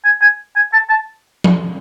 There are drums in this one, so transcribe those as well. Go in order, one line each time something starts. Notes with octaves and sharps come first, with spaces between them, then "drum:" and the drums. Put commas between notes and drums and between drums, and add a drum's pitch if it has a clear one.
G#5
G#5
G#5
A5
A5
drum: tom F3